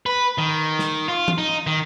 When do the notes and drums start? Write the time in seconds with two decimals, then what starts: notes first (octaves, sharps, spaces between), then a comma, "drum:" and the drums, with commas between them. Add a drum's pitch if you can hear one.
0.06 B4
0.38 D#3
0.79 drum: snare
1.08 F4
1.28 drum: tom E3
1.38 D#4
1.67 D#3